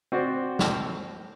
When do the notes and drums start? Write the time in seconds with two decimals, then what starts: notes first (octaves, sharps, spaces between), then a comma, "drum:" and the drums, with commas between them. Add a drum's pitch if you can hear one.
0.12 C4 F#4 C5 D5
0.59 drum: snare